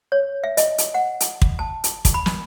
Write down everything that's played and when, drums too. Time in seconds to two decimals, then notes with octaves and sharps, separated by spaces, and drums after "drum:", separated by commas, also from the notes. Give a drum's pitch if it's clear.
0.12 C#5
0.44 E5
0.57 D#5, drum: hi-hat
0.78 drum: hi-hat
0.94 F#5
1.20 drum: hi-hat
1.42 drum: kick
1.59 A5
1.84 drum: hi-hat
2.05 drum: kick, hi-hat
2.14 B5
2.26 drum: snare